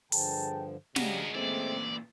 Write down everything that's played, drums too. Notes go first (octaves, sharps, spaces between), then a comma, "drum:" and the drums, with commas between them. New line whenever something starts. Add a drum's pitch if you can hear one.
G2 D3 F3 G#4 G5 A5, drum: open hi-hat
C#3 G3 G#3 B3 D4 F#4 G#4 A#4, drum: snare
A#2 E3 A3 C4 D5